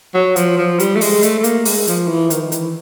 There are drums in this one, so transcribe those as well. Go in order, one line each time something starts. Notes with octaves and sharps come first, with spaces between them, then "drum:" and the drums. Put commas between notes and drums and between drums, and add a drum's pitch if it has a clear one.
F#3
F3, drum: hi-hat
F3
G3, drum: hi-hat
A3
G#3, drum: open hi-hat
A3, drum: hi-hat
A3
A#3, drum: hi-hat
G#3, drum: open hi-hat
F3, drum: hi-hat
E3
D#3, drum: hi-hat
E3, drum: hi-hat